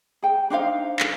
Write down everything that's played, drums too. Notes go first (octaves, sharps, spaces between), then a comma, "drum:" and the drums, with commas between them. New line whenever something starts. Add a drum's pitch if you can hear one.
G#4 G5
D4 D#4 C5 F5
drum: clap